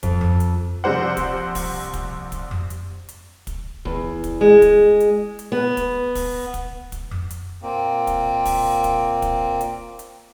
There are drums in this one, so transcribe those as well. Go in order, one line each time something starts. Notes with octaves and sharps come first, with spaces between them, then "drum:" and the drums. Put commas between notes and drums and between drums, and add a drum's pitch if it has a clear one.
F2, drum: kick, hi-hat
drum: tom F2
drum: hi-hat
A#1 C3 G3 C5 F#5
drum: kick, hi-hat
drum: kick, open hi-hat
drum: kick, hi-hat
drum: kick, hi-hat
drum: tom F2
drum: hi-hat
drum: hi-hat
drum: kick, hi-hat
E2, drum: kick
drum: kick, hi-hat
G#3
drum: kick, hi-hat
drum: hi-hat
drum: hi-hat
B3
drum: kick, hi-hat
drum: kick, open hi-hat
drum: kick, hi-hat
drum: kick, hi-hat
drum: tom F2
drum: hi-hat
A#2 A#3 C4
drum: kick, hi-hat
drum: kick, open hi-hat
drum: kick, hi-hat
drum: kick, hi-hat
drum: hi-hat
drum: hi-hat